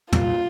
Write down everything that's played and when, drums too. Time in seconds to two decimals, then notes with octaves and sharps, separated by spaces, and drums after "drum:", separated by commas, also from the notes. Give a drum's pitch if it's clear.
0.13 C2 A#2 G3 A#3 F4, drum: tom